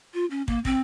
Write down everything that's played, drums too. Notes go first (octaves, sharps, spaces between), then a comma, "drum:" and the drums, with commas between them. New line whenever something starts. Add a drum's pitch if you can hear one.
F4
C#4
A#3, drum: kick
C4, drum: kick